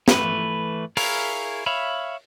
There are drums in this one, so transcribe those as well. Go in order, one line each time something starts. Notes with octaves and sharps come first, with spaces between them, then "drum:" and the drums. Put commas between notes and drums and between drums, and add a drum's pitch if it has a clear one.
E3 A3 B4, drum: snare
E4 G#4 A#4 C#5 F5, drum: open hi-hat
C#5 E5 F5 B5